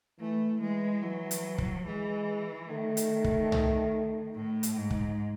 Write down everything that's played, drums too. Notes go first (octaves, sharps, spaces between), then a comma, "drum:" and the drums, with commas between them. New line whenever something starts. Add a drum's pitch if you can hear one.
E3 A3
E3 G#3
E3 F#3
drum: hi-hat
drum: kick
E3 G#3
D#3 A3
drum: hi-hat
drum: kick
drum: tom
A2
drum: hi-hat
G#2
drum: kick